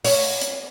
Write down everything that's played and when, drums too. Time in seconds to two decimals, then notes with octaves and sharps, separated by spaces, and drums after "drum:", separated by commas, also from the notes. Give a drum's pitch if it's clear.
0.05 C#5, drum: open hi-hat
0.41 drum: hi-hat